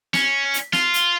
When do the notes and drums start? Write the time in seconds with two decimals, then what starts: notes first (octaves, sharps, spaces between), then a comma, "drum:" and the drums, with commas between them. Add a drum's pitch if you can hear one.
0.14 C#4, drum: snare
0.54 drum: hi-hat
0.73 F4, drum: snare
0.94 drum: hi-hat